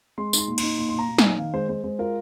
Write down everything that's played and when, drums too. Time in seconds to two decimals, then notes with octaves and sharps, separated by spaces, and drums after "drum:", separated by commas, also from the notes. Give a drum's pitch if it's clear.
0.18 G#3 C6
0.33 D#4 C6, drum: tambourine
0.48 A#2
0.58 C6, drum: cymbal
0.63 D#4
0.78 A#2 C6
0.89 A#2 C6
0.99 A#5
1.08 A#2
1.18 G#5, drum: snare
1.24 D#4
1.38 D#3 F5
1.53 G#3 C5
1.69 G#3 C5
1.84 G#3 C5
1.99 F4 A#4